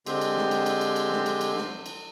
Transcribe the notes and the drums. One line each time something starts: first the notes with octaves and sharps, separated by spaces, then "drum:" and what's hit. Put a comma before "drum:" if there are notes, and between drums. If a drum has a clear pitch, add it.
D3 G#3 C4 G4 C6, drum: cymbal
drum: cymbal
drum: snare
drum: cymbal
drum: cymbal
drum: cymbal
drum: cymbal
drum: snare
drum: cymbal
drum: cymbal
drum: snare
drum: cymbal